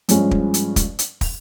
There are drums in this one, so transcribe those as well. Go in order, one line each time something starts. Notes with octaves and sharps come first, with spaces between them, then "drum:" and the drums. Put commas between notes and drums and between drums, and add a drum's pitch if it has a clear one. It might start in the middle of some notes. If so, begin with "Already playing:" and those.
G2 F3 G#3 C#4, drum: hi-hat
drum: kick
drum: hi-hat
drum: kick, hi-hat
drum: hi-hat
drum: kick, open hi-hat